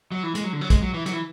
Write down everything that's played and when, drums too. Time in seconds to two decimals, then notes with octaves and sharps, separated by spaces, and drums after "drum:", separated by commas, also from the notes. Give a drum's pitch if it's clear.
0.12 F#3
0.23 E3
0.35 G#3, drum: hi-hat
0.44 F#3
0.53 D3
0.61 F#3
0.70 G#3, drum: kick, hi-hat
0.82 F#3
0.94 E3
1.06 F#3, drum: hi-hat
1.13 E3